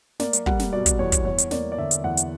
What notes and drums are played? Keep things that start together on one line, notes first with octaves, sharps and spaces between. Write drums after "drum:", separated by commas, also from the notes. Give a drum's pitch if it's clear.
A#3 D5, drum: snare
drum: hi-hat
G3 F#5, drum: kick
drum: snare
B2 D5
drum: kick, hi-hat
E2 C#5
drum: kick, hi-hat
E2 C#5
drum: hi-hat
A#3 D5, drum: snare
D5
D3 E5
drum: hi-hat
E2 F#5
drum: hi-hat